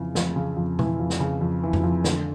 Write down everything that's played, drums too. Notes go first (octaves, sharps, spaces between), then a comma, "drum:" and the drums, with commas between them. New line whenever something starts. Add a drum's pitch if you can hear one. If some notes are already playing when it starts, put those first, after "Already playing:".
Already playing: F2 C#3 E3
F2, drum: snare
C#3
F2
E3, drum: tom B2
F2
drum: snare
C#3
F2
E3
drum: tom F2
F2
D3, drum: snare